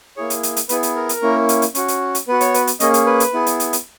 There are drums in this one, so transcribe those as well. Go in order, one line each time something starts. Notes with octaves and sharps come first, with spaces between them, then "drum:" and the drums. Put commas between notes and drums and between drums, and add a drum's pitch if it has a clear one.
A#3 E4 G#4 C#5
drum: hi-hat
drum: hi-hat
drum: hi-hat
B3 E4 G#4 B4, drum: hi-hat
drum: hi-hat
A#4
drum: hi-hat
A#3 C#4 E4
drum: hi-hat
drum: hi-hat
C#4 F#4, drum: hi-hat
drum: hi-hat
drum: hi-hat
B3 F#4 B4
C#5, drum: hi-hat
B4, drum: hi-hat
drum: hi-hat
A#3 C#4 G#4 D#5, drum: hi-hat
drum: hi-hat
B4
drum: hi-hat
B3 E4 G#4
drum: hi-hat
drum: hi-hat
drum: hi-hat